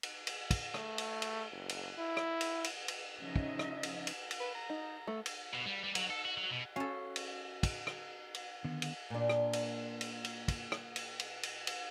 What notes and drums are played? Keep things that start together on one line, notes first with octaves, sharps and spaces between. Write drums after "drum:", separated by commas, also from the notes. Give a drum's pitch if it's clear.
drum: cymbal
drum: cymbal
drum: kick, cymbal
A3, drum: rim click
drum: cymbal
drum: cymbal
F#1
drum: cymbal
E4
drum: rim click
drum: cymbal
drum: cymbal
drum: cymbal
C#3 F3 C#4 D#4 D#5 E5
drum: kick
drum: rim click
drum: cymbal
drum: cymbal
drum: cymbal
B4
A#5
D#4
A3
drum: cymbal
B2
G3
G3
F#3, drum: cymbal
A4
F#4
F#3
B2
C#4 F#4 A4 F5
drum: cymbal
drum: kick, cymbal
drum: rim click
drum: cymbal
D3 D#3 B3
drum: cymbal
A#2 D4
drum: rim click
drum: cymbal
drum: cymbal
drum: cymbal
drum: kick, cymbal
drum: rim click
drum: cymbal
drum: cymbal
drum: cymbal
drum: cymbal